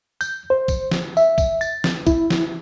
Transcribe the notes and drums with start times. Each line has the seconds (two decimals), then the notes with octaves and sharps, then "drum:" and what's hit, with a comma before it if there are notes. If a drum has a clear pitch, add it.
0.21 G6, drum: tambourine
0.50 C5
0.68 drum: kick, tambourine
0.91 drum: snare
1.17 E5, drum: tambourine
1.38 drum: kick, tambourine
1.61 A6, drum: tambourine
1.84 drum: snare
2.07 E4, drum: kick, tambourine
2.30 drum: snare